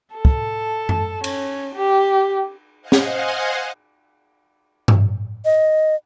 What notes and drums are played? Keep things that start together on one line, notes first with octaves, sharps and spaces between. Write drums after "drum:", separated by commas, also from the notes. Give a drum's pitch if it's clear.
A4
drum: kick
drum: tom F#2
C#4, drum: cymbal
G4
C5 D#5 F5 F#5 G#5
drum: snare
drum: tom G2
D#5